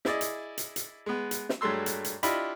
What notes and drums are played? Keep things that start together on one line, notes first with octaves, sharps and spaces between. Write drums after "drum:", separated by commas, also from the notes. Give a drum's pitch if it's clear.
E4 G#4 D5 D#5, drum: snare
drum: hi-hat
drum: hi-hat
drum: hi-hat
G#3 B3
drum: hi-hat
drum: snare
G2 F#3 G#3 A3 C6 E6
drum: hi-hat
drum: hi-hat
D4 E4 F4 G4 D#5 B5, drum: hi-hat